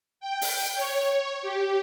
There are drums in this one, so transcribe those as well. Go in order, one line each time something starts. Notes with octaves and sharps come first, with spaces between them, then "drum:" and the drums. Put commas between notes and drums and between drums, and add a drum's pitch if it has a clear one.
G5
drum: open hi-hat
C#5
G4